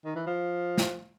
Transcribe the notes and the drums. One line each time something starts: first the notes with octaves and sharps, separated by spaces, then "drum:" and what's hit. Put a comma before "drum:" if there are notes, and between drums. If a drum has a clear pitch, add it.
D#3
E3
F3
drum: snare